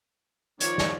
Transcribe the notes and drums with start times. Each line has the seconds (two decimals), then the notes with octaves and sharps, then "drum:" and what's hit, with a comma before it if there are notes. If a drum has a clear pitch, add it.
0.60 D#3 F3 C#5 D5, drum: hi-hat
0.78 drum: snare